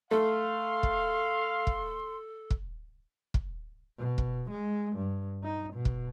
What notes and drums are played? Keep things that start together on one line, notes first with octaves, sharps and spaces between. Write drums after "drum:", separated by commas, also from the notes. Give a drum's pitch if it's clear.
A3 A4 F5 C6
drum: kick
drum: kick
drum: kick
drum: kick
B2
drum: kick
G#3
G2
D#4
B2
drum: kick